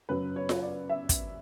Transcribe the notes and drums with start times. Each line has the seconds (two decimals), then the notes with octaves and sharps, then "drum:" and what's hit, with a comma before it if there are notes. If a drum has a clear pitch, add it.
0.09 F#2 C#3 F#3 B4
0.36 C#5
0.49 drum: snare F4
0.62 D5
0.89 E5
1.09 drum: kick, hi-hat